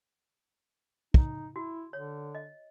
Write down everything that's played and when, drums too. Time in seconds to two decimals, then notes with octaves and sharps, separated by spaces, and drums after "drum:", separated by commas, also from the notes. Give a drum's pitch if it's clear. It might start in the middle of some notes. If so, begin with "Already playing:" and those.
1.14 D#4, drum: kick
1.56 E4 F#4
1.93 D3 C#5
2.35 D#5